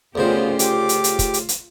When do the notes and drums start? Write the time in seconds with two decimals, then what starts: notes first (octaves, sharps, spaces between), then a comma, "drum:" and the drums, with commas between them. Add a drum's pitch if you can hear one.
0.15 D2 C#3 B3 C#4 F4 G4 C5
0.59 F4 G4 D6, drum: hi-hat
0.89 drum: hi-hat
1.04 drum: hi-hat
1.19 drum: kick, hi-hat
1.34 drum: hi-hat
1.49 drum: hi-hat